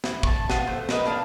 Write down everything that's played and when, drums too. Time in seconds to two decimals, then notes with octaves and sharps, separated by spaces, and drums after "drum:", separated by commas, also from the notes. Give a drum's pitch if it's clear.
0.04 E4, drum: snare
0.23 A5 C#6, drum: kick
0.50 B3 F4, drum: snare
0.67 A3 C5
0.89 A#4 B4 D#5, drum: snare
1.05 A#3 D4 F5